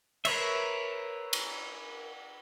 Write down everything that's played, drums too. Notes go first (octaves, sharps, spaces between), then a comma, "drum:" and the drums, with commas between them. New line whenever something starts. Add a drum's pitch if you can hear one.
A#4 B4 C#5 E5, drum: cymbal
drum: cymbal